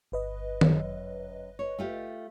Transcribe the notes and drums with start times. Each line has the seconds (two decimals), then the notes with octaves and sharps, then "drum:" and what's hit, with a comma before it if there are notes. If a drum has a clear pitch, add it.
0.12 G1 B4 D#5
0.61 F#2, drum: tom D#3
1.59 C#5
1.79 A3 F4 G4